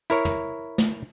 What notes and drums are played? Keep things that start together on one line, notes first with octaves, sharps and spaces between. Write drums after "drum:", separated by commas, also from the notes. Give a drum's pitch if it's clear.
E4 A#4 C#5
drum: tom
drum: snare